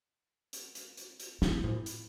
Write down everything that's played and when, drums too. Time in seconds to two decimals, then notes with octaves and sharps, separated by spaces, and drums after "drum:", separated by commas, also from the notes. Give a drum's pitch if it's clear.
0.53 drum: hi-hat
0.75 drum: hi-hat
0.97 drum: hi-hat
1.20 drum: hi-hat
1.42 E4, drum: snare
1.64 drum: tom A2
1.86 drum: hi-hat